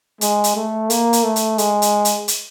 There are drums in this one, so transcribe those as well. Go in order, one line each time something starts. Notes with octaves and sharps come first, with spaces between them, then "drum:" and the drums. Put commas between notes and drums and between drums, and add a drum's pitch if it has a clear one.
G#3, drum: hi-hat
drum: hi-hat
A3
A#3, drum: hi-hat
drum: hi-hat
A3
drum: hi-hat
G#3, drum: hi-hat
drum: hi-hat
drum: hi-hat
drum: hi-hat